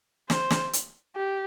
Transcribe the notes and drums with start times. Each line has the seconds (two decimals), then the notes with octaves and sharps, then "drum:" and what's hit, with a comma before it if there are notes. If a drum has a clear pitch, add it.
0.30 C5, drum: snare
0.50 drum: snare
0.73 drum: hi-hat
1.16 G4